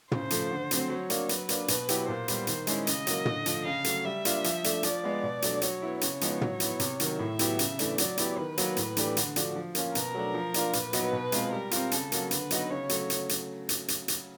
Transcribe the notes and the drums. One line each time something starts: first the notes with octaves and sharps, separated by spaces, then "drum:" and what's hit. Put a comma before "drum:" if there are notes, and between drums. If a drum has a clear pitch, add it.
C#3 C5, drum: tom
F3 A3, drum: hi-hat
D3
F#3 A3 C4, drum: hi-hat
F#3 C#5
A#3 D4, drum: hi-hat
F#3 B4, drum: hi-hat
A#3 D4, drum: hi-hat
B2, drum: hi-hat
F#3 B3 E4 G4, drum: hi-hat
A#2 C5
G3 B3, drum: hi-hat
D#3, drum: hi-hat
G#3 C#4 E4, drum: hi-hat
C#3 D#5, drum: hi-hat
F#3 A#3, drum: hi-hat
D3, drum: tom
F3 A3, drum: hi-hat
C#3 F5
F#3 A3, drum: hi-hat
G3 E5
A#3 D4 F4, drum: hi-hat
F3, drum: hi-hat
A3 D4, drum: hi-hat
F3 D5, drum: hi-hat
G#3 B3
B2
F#3 A3 D4, drum: hi-hat
F#3 C#5, drum: hi-hat
B3 E4
C#3 C#5, drum: hi-hat
F3 G#3 B3 D#4, drum: hi-hat
F#3, drum: tom
B3 E4, drum: hi-hat
C3, drum: hi-hat
D#3 F#3, drum: hi-hat
A2 E5
F#3 B3 E4 G4, drum: hi-hat
C#3, drum: hi-hat
E3 A3 D4, drum: hi-hat
F#3 D5, drum: hi-hat
B3 E4 G4, drum: hi-hat
D#3 B4
F#3 A#3, drum: hi-hat
A2, drum: hi-hat
E3 A3 D4 G4, drum: hi-hat
D3, drum: hi-hat
F3 A3 D4 F#4, drum: hi-hat
F3
A#3 C#4 F4, drum: hi-hat
B2 A#4, drum: hi-hat
F#3 A3 D4
F3
A#3 D4 F4, drum: hi-hat
A#2 B4, drum: hi-hat
F#3 B3 D#4 F#4, drum: hi-hat
B2
G#3 C4 F4, drum: hi-hat
G3 A#4
C4 F4, drum: hi-hat
C#3 A4, drum: hi-hat
F#3 A#3, drum: hi-hat
D3 B4, drum: hi-hat
F#3 B3 D#4 F#4, drum: hi-hat
C#3 C#5
F#3 A3, drum: hi-hat
drum: hi-hat
drum: hi-hat
drum: hi-hat
drum: hi-hat
drum: hi-hat